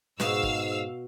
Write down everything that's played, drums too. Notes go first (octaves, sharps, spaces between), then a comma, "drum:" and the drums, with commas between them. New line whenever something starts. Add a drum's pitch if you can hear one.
G#2 B2 F5 E6, drum: snare
drum: kick